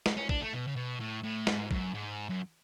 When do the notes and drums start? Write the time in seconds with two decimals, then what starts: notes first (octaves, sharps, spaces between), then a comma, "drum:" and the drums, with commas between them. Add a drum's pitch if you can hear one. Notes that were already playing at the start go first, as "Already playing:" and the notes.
0.06 drum: snare
0.17 C#4
0.29 D4, drum: kick
0.41 A3
0.53 B2
0.67 C#3
0.76 B2
1.00 A2
1.23 A2
1.47 G#2, drum: snare
1.71 F#2, drum: kick
1.94 G#2
2.29 F#2